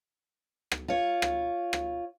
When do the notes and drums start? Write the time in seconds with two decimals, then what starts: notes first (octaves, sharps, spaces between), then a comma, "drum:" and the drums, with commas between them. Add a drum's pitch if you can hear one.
0.72 drum: rim click
0.88 F4 C#5
1.22 drum: rim click
1.73 drum: rim click